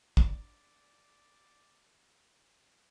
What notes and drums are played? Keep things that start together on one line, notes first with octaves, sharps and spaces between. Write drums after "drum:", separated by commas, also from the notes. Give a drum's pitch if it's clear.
D4 D5 A#5, drum: kick